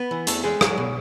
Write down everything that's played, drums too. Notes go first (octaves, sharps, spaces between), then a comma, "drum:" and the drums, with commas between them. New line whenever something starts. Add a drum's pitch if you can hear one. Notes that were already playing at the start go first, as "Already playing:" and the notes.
Already playing: B3 B4
E3
E2 A3 A4, drum: hi-hat
G#3 A3 G#4
F#3, drum: rim click
B2